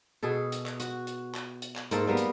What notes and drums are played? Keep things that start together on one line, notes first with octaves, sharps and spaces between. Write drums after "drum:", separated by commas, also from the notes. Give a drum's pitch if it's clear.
B2 G#4 A4
drum: hi-hat
drum: clap
F#4, drum: hi-hat
drum: hi-hat
drum: clap
drum: hi-hat
drum: clap
G#2 A3 A#3 A4, drum: hi-hat
G3 A#3 B3
drum: hi-hat